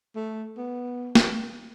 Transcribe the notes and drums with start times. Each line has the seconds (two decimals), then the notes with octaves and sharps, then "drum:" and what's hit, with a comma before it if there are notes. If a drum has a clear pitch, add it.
0.15 A3
0.57 B3
1.15 drum: snare